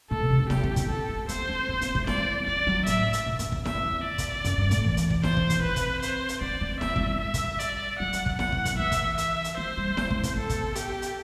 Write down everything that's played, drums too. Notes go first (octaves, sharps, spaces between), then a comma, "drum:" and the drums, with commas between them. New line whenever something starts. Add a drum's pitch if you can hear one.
A2 A4
B2
C3
D3
F#3 G4, drum: snare E4
C4, drum: kick
B3, drum: kick, hi-hat
B3 A4
A3
B3 C5, drum: hi-hat
C4
C4
B3, drum: hi-hat
A3, drum: kick
G3 D5, drum: snare E4
F#3
F#3 D5
F#3
A2 E5, drum: hi-hat
drum: hi-hat
A2
F#2, drum: hi-hat
E2, drum: kick
F#2 E5, drum: snare E4
E2
D5
drum: kick, hi-hat
F#2, drum: hi-hat
G2
A2, drum: hi-hat
E3
drum: hi-hat
drum: kick
C5, drum: snare E4
drum: kick
drum: kick, hi-hat
C4 B4
drum: kick, hi-hat
C5, drum: hi-hat
drum: hi-hat
B3 D5
C4
B3 E5, drum: snare E4
F#3, drum: kick
G3
E5
drum: kick, hi-hat
D5, drum: hi-hat
F#3 F#5
drum: hi-hat
drum: kick
F#5, drum: snare E4
drum: kick
drum: kick, hi-hat
E3 E5
drum: kick, hi-hat
E5, drum: hi-hat
drum: hi-hat
F#3 C5
G3
A3, drum: snare E4
A3, drum: kick
B3, drum: kick, hi-hat
B3 A4
drum: kick, hi-hat
G4, drum: hi-hat
drum: hi-hat